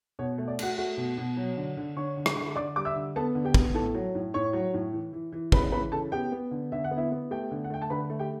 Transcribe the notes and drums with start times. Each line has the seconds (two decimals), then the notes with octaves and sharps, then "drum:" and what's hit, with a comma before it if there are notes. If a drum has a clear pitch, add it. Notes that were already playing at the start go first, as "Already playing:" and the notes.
0.19 B2 C#5
0.38 A3
0.48 D5
0.59 A3 F#4 F#5, drum: cymbal
0.78 A3 F#4 F#5
0.97 B2
1.18 B2
1.37 F#3
1.57 D3
1.77 D3
1.96 D3 C#5 C#6
2.17 D3
2.26 drum: rim click
2.36 D3
2.55 D3 D5 D6
2.76 G3 D6
2.85 E5 E6
2.96 D3
3.16 B3 A4 A5
3.35 D3
3.45 G4 G5
3.54 B3, drum: kick
3.74 A2 A4 A5
3.95 F#3
4.15 A2
4.34 A2 C#5 C#6
4.53 F#3
4.74 A2
4.93 E3
5.13 E3
5.32 E3
5.52 C#3 B4 B5, drum: kick
5.72 E3 B4 B5
5.92 C#3 A4 A5
6.12 B3 G4 G5
6.32 B3
6.51 D3
6.72 D3 E5
6.84 F#5
6.91 B3
6.97 E4 E5
7.12 B3
7.31 A3 G4 G5
7.51 D3
7.64 F#5
7.70 A3 G5
7.82 A5
7.90 D3 B4 B5
8.10 A3
8.19 G4 G5